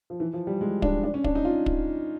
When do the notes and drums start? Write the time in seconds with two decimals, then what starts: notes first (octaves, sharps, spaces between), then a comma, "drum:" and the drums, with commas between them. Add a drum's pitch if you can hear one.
0.10 F3
0.20 E3
0.33 F3
0.47 G3
0.61 G#3
0.82 D4, drum: kick
1.04 D4
1.14 C#4
1.24 D4, drum: kick
1.35 D#4
1.45 F4
1.66 drum: kick